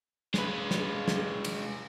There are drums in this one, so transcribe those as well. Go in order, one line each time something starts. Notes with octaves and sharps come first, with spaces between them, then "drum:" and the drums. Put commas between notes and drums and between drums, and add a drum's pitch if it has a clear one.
G#3 B4, drum: snare
drum: snare
drum: snare
drum: cymbal